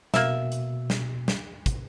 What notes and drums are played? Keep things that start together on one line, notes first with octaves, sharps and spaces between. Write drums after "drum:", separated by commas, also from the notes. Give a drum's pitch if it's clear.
B2 A#3 E5, drum: snare
drum: hi-hat
drum: snare
drum: snare
drum: kick, hi-hat